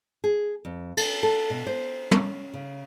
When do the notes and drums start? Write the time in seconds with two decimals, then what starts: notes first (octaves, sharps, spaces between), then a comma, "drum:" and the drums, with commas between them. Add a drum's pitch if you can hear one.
0.24 G#4
0.65 F2
0.97 A4, drum: cymbal
1.23 A4
1.50 B2
1.67 C5
2.11 C#4, drum: tom
2.54 C#3